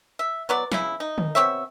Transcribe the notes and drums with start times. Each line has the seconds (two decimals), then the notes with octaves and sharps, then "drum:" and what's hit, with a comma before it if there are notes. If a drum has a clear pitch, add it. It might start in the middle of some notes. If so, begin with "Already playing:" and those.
0.19 E5
0.49 F#3 B3 D5
0.72 C#3 E4, drum: snare
1.00 D#4
1.18 drum: tom D3
1.35 B2 C4 C#5 E5